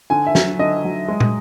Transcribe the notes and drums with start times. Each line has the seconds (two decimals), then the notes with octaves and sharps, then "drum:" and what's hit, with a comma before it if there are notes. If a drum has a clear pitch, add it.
0.10 D3 G#5
0.27 E5
0.35 F#3, drum: snare
0.59 D3 D#5
0.84 F#3
1.08 G#3
1.20 drum: tom